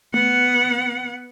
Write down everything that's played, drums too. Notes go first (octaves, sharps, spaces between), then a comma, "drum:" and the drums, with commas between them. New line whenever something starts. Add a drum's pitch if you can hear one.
B3 F#5, drum: tom A3